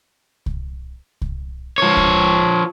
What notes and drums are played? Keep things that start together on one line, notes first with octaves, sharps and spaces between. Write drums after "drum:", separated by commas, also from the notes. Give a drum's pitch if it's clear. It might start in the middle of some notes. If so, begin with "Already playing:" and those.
drum: kick C2
drum: kick C2
F3 C#5
drum: kick C2